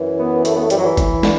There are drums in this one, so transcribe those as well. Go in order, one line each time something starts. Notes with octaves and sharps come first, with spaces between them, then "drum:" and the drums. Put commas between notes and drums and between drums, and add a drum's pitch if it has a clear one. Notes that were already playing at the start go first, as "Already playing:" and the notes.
Already playing: F#2 E3
B3
A3, drum: hi-hat
B3
A3
G3, drum: hi-hat
F#3
E3
drum: kick G1, hi-hat
D3, drum: snare